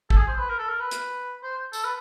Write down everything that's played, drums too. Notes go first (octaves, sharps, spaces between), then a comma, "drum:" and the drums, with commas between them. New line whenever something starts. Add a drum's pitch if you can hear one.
A4, drum: kick
G#4
C5
B4
A#4
A4
A#4
B4
drum: hi-hat
C5
A4, drum: tambourine
B4